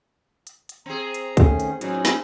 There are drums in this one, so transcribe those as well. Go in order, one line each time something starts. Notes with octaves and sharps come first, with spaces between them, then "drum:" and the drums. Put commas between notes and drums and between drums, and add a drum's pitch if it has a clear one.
drum: hi-hat
drum: hi-hat
C4 G#4 A#5
drum: hi-hat
D#3 A3 C#4, drum: kick, hi-hat
drum: hi-hat
A2 F#3 C#4 D#4, drum: hi-hat
drum: snare